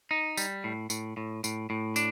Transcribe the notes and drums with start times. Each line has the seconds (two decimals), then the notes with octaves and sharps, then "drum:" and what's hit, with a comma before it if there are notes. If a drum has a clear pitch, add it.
0.11 D#4
0.37 G3, drum: tambourine
0.64 A2
0.90 A2, drum: tambourine
1.17 A2
1.44 A2, drum: tambourine
1.70 A2
1.96 D4, drum: tambourine